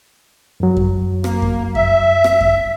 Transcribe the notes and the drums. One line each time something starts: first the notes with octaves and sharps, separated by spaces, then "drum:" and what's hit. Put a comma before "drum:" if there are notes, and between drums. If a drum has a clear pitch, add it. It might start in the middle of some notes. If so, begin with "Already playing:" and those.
F#2 F#3
drum: kick F#2
A#3, drum: rim click
drum: kick F#2
E5, drum: kick F#2
drum: rim click
drum: kick F#2